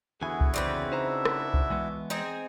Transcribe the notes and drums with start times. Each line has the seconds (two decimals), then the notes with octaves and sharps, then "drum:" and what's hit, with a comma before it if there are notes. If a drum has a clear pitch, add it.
0.22 E2 D3 B3 E4 F#4 G#4 G#5
0.41 drum: kick C2
0.54 C#3 C4 B4 D5
0.92 D4 D#4 C5 E5 A#5
1.25 drum: rim click
1.54 drum: kick C2
1.70 E3 G#3 B3
2.10 C4 D#4 G#4